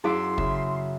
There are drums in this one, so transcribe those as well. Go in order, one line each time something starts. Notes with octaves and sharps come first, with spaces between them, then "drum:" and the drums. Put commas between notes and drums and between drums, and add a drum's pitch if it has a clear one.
F#2 E4 G#4 F5 C6 D6 E6
C#3 E5, drum: kick